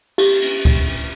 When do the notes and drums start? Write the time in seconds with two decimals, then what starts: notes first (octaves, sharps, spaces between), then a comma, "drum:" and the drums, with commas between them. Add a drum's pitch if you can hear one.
0.18 G4, drum: cymbal
0.42 drum: cymbal
0.65 drum: kick C#2, cymbal
0.89 drum: cymbal